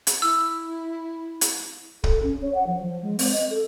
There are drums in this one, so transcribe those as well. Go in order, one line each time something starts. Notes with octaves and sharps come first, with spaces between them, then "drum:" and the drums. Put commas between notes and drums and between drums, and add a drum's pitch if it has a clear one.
drum: hi-hat
E4 E6
drum: hi-hat
A4, drum: kick
C#4
C#5
F#5
F3
F3
G#3
C4, drum: open hi-hat
D#5
A4